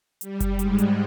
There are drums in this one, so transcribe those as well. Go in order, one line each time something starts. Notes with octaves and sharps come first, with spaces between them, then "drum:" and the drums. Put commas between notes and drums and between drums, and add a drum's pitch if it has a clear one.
G3, drum: hi-hat
drum: kick F#1, hi-hat
G#2 G#3, drum: hi-hat
drum: hi-hat